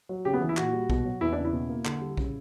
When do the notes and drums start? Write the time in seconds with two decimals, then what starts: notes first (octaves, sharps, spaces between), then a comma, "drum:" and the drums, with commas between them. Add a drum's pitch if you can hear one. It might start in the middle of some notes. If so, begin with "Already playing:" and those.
0.09 F#3
0.25 C#3 G4
0.33 B3
0.41 E3
0.49 E4
0.57 A#2 F#4, drum: clap
0.73 G3
0.90 B2, drum: kick
1.05 F#3
1.21 E2 E4
1.33 C#3 D4
1.45 E4
1.53 B2
1.69 A#3
1.85 D3, drum: clap
2.01 G3
2.17 C#3, drum: kick